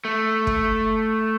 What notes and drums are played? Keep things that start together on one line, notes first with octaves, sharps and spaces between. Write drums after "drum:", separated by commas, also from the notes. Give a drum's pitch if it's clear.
A3
drum: kick